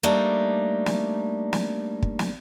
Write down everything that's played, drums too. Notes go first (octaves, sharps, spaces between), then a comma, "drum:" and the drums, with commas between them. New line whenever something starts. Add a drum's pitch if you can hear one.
G3 A3 A#3 D4 D#4
drum: snare
drum: snare
drum: kick
drum: snare